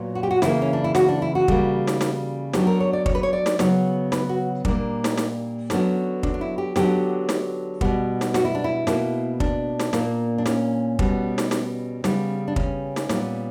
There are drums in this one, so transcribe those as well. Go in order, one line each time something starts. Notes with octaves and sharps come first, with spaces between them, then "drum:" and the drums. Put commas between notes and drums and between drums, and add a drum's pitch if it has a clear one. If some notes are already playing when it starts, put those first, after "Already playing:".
Already playing: A#2 F#3 B3
F#4
G4
F#4
C#3 E3 G3 A#3 E4, drum: snare
C#4
D4
E4
F#4, drum: snare
D4
E4
F#4
C#3 G3 A#3, drum: kick
drum: snare
drum: snare
D3 F#3 B3 G4, drum: snare
A#4
C#5
D5
C#5, drum: kick
B4
C#5
D5
drum: snare
C#3 F#3 B3 C#5, drum: snare
B4, drum: snare
F#4
A#2 G3 A#3 D4, drum: kick
drum: snare
drum: snare
D3 F#3 B3 C#4, drum: snare
D4, drum: kick
D4
E4
G4
D3 F#3 B3 G4, drum: snare
drum: snare
B2 G3 B3, drum: kick
drum: snare
F#4, drum: snare
E4
D4
E4
B2 A#3, drum: snare
D4, drum: kick
drum: snare
A#2 A#3, drum: snare
D4
C#4, drum: snare
B2 G3 B3, drum: kick
drum: snare
drum: snare
C#3 G3 B3, drum: snare
D4
C#4, drum: kick
drum: snare
A#2 G3 B3, drum: snare